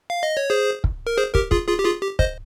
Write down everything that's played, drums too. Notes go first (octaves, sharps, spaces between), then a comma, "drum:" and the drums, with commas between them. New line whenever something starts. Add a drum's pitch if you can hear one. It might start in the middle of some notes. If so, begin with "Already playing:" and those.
F5
D#5
C#5
G#4 C5
drum: kick
A#4
G#4 C5
G4 A#4, drum: kick
F4 G#4, drum: kick
F4 G#4
G4
F4 G#4
G4
C5 D#5, drum: kick